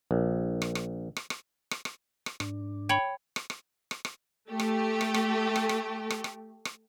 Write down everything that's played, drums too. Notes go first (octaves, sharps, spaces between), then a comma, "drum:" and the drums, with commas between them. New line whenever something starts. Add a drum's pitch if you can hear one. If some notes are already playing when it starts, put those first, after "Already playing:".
A#1
drum: rim click
drum: rim click
drum: rim click
drum: rim click
drum: rim click
drum: rim click
drum: rim click
G#2 D4, drum: rim click
C#5 G5 B5
drum: rim click
drum: rim click
drum: rim click
drum: rim click
A3 G4
drum: rim click
drum: rim click
drum: rim click
drum: rim click
drum: rim click
drum: rim click
drum: rim click
drum: rim click